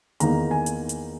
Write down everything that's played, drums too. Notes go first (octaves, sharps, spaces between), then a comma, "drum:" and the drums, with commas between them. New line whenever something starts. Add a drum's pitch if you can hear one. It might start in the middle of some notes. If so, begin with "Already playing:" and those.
E2 D#3 A#3 D#4 A#5, drum: hi-hat
G#5
drum: hi-hat
drum: hi-hat